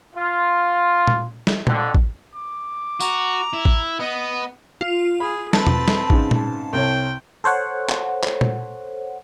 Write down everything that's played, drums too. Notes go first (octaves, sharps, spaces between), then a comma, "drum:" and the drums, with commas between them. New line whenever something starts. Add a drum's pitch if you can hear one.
F4
drum: tom A#2
drum: snare
F2 D3, drum: tom A#2
drum: kick A1
D6
F#4 A#5, drum: tambourine
E4
drum: kick A1
B3 D#5
F4
G#4 B5
C4 B4 A5, drum: snare
drum: tom
drum: snare
G#2 C#3, drum: kick A1
drum: tom A#2
C2 C4 C#5 G5
A4 C5 C#5 F#5
drum: clap
drum: clap
drum: tom A#2